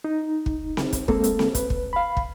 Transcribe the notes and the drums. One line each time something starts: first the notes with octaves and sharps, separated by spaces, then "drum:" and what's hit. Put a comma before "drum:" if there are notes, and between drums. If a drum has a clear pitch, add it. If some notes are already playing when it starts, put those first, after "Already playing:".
D#4
drum: kick
drum: snare C4
drum: kick, hi-hat
G#3 A#3 C4 A4, drum: kick
drum: hi-hat
drum: snare C4
B4, drum: kick, hi-hat
drum: kick
F5 B5
drum: kick